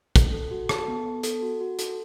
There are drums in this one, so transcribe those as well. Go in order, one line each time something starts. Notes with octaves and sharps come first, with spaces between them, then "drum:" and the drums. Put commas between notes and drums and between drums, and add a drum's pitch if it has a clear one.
A4, drum: kick, hi-hat
A4
F#4
A4 A5, drum: rim click
B3
B3
A4, drum: hi-hat
F#4
F#4
A4, drum: hi-hat